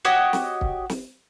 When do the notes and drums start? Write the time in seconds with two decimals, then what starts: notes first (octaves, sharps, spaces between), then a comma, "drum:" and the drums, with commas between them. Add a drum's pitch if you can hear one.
0.05 F#4 G4 C#5 D#5
0.33 drum: snare
0.61 drum: kick
0.90 drum: snare